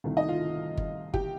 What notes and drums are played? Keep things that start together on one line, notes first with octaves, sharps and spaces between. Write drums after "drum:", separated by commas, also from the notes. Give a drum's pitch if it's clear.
C2 C3 D#3 A3
D#4 D#5
F4 F5
drum: kick G1
G4 G5, drum: kick G1